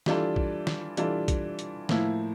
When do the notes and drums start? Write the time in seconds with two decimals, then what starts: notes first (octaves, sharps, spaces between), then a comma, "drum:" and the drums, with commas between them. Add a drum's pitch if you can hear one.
0.06 E3 G3 D4 F4 A4, drum: snare
0.36 drum: kick B1
0.67 drum: snare
0.97 E3 G3 D4 F4 A4, drum: hi-hat
1.28 drum: kick B1, hi-hat
1.59 drum: hi-hat
1.89 A2 F3 A#3 E4, drum: snare